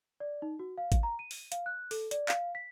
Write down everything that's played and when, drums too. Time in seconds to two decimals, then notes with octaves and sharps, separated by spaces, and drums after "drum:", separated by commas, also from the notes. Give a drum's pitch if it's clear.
0.20 D5
0.42 D#4
0.59 F#4
0.78 F5
0.92 drum: kick G#1, hi-hat
1.03 A#5
1.19 D#7
1.31 drum: open hi-hat
1.52 F5, drum: hi-hat
1.66 F#6
1.91 A4, drum: open hi-hat
2.11 D5, drum: hi-hat
2.29 F5, drum: clap
2.55 B6